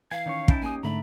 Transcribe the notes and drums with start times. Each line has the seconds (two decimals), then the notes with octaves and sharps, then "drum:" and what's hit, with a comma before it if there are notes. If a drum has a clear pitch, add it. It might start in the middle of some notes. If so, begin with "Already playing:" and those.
0.11 E3 F5 G#5 C7
0.26 D#3 C#4 C#5
0.48 C#4 D#4 E4 G5 A5, drum: kick
0.62 A#3 G4 G#5 D#6
0.83 G#2 D3 A3 D4 E5 A#5 B5